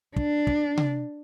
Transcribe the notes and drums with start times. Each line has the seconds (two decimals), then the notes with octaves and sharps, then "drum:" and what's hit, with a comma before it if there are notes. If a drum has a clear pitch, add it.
0.16 D4, drum: kick
0.47 drum: kick
0.77 drum: tom C3